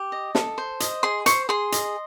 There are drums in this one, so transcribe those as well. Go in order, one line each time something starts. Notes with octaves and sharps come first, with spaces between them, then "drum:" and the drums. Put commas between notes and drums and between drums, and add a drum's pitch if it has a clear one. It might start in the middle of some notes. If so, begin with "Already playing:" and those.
Already playing: G4
D#5
A4, drum: snare
C5
D#5, drum: hi-hat
G#4 C6
C5 C#6, drum: hi-hat
G#4 C6
D#5, drum: hi-hat